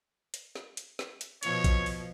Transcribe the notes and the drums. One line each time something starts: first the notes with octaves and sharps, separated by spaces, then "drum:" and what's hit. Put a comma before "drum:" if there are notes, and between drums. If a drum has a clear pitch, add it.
drum: hi-hat
drum: snare
drum: hi-hat
drum: snare
drum: hi-hat
B2 F3 C#5, drum: hi-hat
drum: kick, hi-hat
drum: open hi-hat